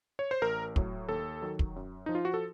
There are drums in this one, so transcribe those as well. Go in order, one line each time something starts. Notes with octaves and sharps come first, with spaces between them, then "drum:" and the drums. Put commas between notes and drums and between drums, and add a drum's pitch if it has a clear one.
C#5
C5
A1 A#4
A2 F#3, drum: kick
D#2 A4
D#3 F#3
drum: kick
F#2
F3 D#4
F4
F#4
A4